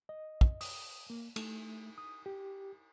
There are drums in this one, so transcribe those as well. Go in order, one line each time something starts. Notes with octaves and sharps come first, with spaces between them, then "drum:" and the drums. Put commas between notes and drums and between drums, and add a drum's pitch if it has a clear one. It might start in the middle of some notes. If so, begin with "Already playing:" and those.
D#5
drum: kick
D#6, drum: open hi-hat
A#3
A3, drum: cymbal
D#6
G4